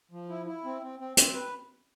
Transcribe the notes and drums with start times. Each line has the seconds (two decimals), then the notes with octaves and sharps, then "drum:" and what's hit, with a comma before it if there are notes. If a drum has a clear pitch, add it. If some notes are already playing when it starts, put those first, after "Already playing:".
0.11 F3
0.29 E4
0.46 E4
0.65 C4
0.82 C4
0.99 C4
1.17 C4, drum: hi-hat
1.34 B4